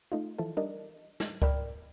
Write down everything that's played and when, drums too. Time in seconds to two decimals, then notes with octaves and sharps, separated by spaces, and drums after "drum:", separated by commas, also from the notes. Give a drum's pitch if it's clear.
0.12 A3 D#4 F4
0.39 E3 F3 E4 A4
0.57 G3 D4 D#4 A#4 D#5
1.20 drum: snare
1.42 A#4 D5 G5 B5 E6 F6, drum: kick C#2